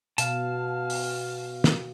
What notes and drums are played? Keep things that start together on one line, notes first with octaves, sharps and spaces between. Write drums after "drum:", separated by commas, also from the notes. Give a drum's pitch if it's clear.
B2 F5 A5, drum: hi-hat
drum: open hi-hat
drum: snare